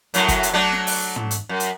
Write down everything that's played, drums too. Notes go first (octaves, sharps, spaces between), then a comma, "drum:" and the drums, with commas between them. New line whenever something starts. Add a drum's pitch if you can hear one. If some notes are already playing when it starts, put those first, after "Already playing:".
F#2 A2 F#3, drum: hi-hat
drum: kick, hi-hat
drum: hi-hat
F#3 A3 D4
drum: snare
drum: open hi-hat
drum: tom
drum: hi-hat
F#2
drum: hi-hat